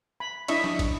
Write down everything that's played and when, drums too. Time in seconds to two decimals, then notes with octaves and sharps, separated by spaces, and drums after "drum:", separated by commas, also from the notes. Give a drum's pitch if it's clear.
0.20 B5
0.48 D4 E4 D#5 E5 C#6, drum: cymbal
0.64 drum: snare
0.79 drum: kick, cymbal